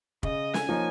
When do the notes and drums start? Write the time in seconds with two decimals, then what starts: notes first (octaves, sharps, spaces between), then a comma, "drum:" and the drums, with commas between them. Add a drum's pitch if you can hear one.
0.23 C#3 D#5, drum: kick
0.54 G#5, drum: snare
0.69 F3 A#3 D#4 C#5